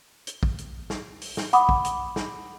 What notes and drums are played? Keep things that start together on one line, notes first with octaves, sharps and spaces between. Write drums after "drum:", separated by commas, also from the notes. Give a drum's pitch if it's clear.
drum: hi-hat
drum: kick
drum: hi-hat
drum: snare
drum: open hi-hat
drum: snare
F#5 B5 D6 D#6, drum: hi-hat
drum: kick
drum: hi-hat
drum: snare